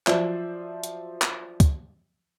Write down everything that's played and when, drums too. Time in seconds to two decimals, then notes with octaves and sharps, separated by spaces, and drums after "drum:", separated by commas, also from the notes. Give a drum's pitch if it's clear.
0.07 F3 F#3 C5 D5 E5, drum: clap
0.83 drum: hi-hat
1.22 drum: clap
1.60 drum: kick C#2, hi-hat